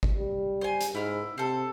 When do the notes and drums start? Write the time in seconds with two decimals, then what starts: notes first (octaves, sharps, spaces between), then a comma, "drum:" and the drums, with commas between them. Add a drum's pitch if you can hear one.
0.03 drum: kick G1
0.16 G3
0.61 C5 G#5
0.81 drum: hi-hat
0.95 G#2 E4 F6
1.38 C3 A4 C5